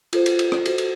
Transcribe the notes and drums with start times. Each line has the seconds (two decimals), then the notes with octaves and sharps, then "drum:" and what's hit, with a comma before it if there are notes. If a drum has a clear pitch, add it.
0.13 F4 A4 C5, drum: cymbal
0.26 drum: cymbal
0.39 drum: cymbal
0.52 drum: rim click
0.66 F#4 A4 C5, drum: cymbal
0.78 drum: cymbal